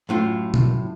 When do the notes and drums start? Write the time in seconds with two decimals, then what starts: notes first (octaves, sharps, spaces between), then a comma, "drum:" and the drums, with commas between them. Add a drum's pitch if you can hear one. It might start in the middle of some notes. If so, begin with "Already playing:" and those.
0.09 F#2 A2 F4
0.54 drum: tom B2